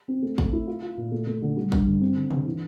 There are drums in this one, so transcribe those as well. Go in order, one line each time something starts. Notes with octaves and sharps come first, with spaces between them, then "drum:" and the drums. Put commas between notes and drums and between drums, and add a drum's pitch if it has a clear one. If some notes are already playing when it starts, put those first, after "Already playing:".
C4
A3
A3, drum: kick
E4
F4
F4
A#2
A3
A3
D3
G3
G2, drum: kick
D3
C4
D3
D3, drum: tom
E3